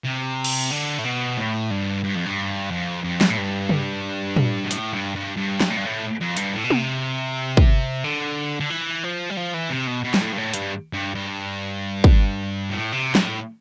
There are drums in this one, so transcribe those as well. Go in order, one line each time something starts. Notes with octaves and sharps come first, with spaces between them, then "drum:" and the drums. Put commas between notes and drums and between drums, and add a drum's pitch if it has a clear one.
C3
drum: cymbal
D3
A2
B2
A2
G2
G2
F2
G2
F2
F2
drum: snare
A2
G2
drum: tom
drum: tom
B2
A2, drum: hi-hat
G2
G2
G2
drum: snare
A2
G2
A2
F2
G2, drum: hi-hat
A2
B2
C3, drum: tom
drum: kick
D3
D3
E3
F3
G3
F3
E3
C3
B2
B2
G2, drum: snare
A2
G2
A2
G2, drum: hi-hat
G2
G2
drum: kick
A2
C3
A2, drum: snare